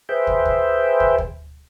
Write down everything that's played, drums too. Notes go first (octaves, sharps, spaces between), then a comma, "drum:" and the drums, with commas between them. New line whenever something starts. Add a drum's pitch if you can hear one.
G#4 B4 C5 E5 G5
drum: kick
drum: kick
drum: kick
drum: kick